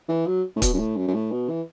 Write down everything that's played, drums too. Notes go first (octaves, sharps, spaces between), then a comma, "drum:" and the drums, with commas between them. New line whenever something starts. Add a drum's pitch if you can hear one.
E3
F#3
A2
B2, drum: kick, hi-hat
F#2
A2
F#2
F#2
A2
B2
E3